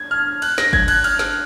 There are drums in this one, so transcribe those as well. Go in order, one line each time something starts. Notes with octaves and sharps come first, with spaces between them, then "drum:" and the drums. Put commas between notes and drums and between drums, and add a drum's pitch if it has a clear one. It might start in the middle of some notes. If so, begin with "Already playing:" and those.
Already playing: G#6
F6
F#6, drum: cymbal
A#6, drum: snare
G#6, drum: kick G1
F#6, drum: cymbal
F6, drum: cymbal
drum: snare